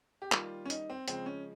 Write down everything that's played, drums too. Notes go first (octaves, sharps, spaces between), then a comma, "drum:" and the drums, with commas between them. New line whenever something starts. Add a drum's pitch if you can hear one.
G4
D#3 G3 A#3 F4, drum: clap
C#4
D#4, drum: hi-hat
C4
C#3 F3 G#3 C4, drum: hi-hat
C#4